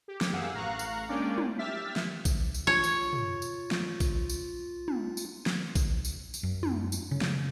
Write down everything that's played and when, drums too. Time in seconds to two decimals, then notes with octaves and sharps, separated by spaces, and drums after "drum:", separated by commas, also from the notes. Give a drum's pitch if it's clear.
0.08 G4
0.21 drum: snare
0.33 F#2 G4 G#4 F5 F#5 E6
0.54 A1 F5 A#5 C#6 F#6
0.79 drum: tambourine
1.09 G#3 A#3 C#4 D4 D5 G5
1.38 drum: tom
1.58 G4 E5 F6 A6 B6
1.96 drum: snare
2.25 drum: kick A#1, tambourine
2.54 drum: tambourine
2.67 F4 C#5
2.84 drum: tambourine
3.13 drum: tom
3.42 drum: tambourine
3.71 drum: snare
4.00 drum: kick A#1, tambourine
4.30 drum: tambourine
4.88 drum: tom
5.17 drum: tambourine
5.46 drum: snare
5.75 drum: kick A#1, tambourine
6.05 drum: tambourine
6.34 drum: tambourine
6.43 F#2
6.63 drum: tom
6.92 drum: tambourine
7.11 C#3
7.21 drum: snare